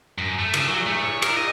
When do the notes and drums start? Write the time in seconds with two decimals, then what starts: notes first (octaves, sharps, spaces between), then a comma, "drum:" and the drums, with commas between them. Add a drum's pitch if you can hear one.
0.18 F#2
0.39 A3
0.54 C#3, drum: cymbal
0.67 F#3
0.87 A3
1.03 C#5
1.22 A#4, drum: cymbal
1.37 D#5